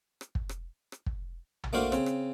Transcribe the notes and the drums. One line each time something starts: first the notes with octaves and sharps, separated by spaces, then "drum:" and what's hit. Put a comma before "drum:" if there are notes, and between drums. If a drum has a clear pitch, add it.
drum: rim click
drum: kick
drum: rim click
drum: rim click
drum: kick
drum: tom A#1
A3 A#3 D4 F#4 C5 F5
C#3 C4, drum: rim click
drum: rim click